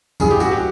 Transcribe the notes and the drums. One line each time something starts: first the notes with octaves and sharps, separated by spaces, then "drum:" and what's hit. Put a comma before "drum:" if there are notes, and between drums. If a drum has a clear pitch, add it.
G2 E3 G#4, drum: kick C#2, tambourine
G4
F#4, drum: tambourine
G4